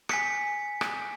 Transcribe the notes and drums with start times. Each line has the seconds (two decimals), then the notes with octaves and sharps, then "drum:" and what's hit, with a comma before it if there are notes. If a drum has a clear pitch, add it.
0.09 G#5 B6 C#7, drum: rim click
0.81 drum: rim click